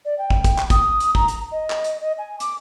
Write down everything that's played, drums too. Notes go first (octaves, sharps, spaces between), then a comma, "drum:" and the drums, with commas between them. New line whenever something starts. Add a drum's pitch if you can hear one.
D5
G5
drum: kick
drum: kick, hi-hat
drum: clap
D#6, drum: kick, hi-hat
drum: hi-hat
A#5, drum: kick
drum: hi-hat
D#5
drum: clap
drum: hi-hat
D#5
G#5
D6, drum: hi-hat